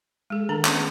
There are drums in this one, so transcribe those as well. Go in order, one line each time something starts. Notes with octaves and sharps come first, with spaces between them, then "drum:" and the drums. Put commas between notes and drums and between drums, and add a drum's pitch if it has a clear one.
G#3 G#4 A4
D#3 A3 D4 A4 A#5
A3 B3 C#4 G#4 B4, drum: clap